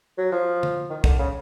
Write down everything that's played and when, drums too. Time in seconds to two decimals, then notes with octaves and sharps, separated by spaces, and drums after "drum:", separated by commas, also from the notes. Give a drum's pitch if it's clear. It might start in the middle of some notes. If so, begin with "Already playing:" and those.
0.18 F#3
0.32 F3
0.63 drum: tom D3
0.90 D#3
1.04 D3, drum: kick
1.18 C#3